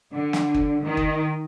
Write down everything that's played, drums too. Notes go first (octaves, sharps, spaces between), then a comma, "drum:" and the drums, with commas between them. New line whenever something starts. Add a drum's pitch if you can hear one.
D3
drum: snare
drum: kick
D#3
drum: kick